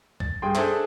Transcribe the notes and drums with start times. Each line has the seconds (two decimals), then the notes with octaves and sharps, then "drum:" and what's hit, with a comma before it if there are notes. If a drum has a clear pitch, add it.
0.20 A6, drum: kick
0.42 G2 G3 G#4 G5 C6
0.55 D4 G#4 A4 C5 E5, drum: clap